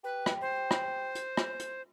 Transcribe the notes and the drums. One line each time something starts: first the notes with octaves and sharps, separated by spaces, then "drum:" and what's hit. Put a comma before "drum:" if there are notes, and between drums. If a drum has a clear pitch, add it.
G4 B4
drum: rim click
C5
drum: rim click
drum: hi-hat
drum: rim click
drum: hi-hat